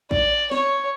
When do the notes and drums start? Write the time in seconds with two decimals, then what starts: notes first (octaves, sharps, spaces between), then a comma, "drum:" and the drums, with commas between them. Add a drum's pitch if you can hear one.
0.11 D5, drum: kick
0.51 C#5, drum: snare